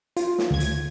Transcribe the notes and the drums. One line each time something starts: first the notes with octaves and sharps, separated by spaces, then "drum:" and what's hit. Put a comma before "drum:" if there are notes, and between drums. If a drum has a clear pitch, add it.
F4, drum: hi-hat
drum: snare
D2 G#6
drum: hi-hat